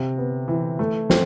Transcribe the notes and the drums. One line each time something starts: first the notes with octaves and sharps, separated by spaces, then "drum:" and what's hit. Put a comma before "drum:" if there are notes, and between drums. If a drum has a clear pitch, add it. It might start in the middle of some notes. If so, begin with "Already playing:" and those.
Already playing: C3
B3
E3
A3
C4, drum: snare